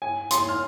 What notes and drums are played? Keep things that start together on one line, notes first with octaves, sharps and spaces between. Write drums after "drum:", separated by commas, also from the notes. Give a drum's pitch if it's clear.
G#5
C6, drum: hi-hat
F6